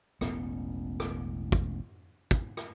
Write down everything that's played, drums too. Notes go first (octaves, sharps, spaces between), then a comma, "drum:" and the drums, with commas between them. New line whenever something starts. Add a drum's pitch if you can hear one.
E1 A1 B3 C#4, drum: rim click
drum: rim click
drum: kick
drum: kick
drum: rim click